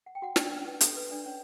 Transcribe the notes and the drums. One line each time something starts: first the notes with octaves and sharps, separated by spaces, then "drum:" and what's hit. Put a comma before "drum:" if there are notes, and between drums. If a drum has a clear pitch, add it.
F#5
G5
F#4 F#5
D4 D5, drum: snare
D4 D5
C#4 C#5
B4
A4, drum: hi-hat
B4
D4 D5
C#4 C#5